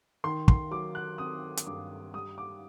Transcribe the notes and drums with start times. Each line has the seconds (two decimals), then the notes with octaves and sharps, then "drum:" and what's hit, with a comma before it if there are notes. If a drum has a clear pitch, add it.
0.24 D#3 C6
0.48 C6, drum: kick
0.71 F#3 D6
0.95 F#6
1.18 C4 D#6
1.57 drum: hi-hat
1.67 G2 D6
2.14 G3 D#6
2.38 D6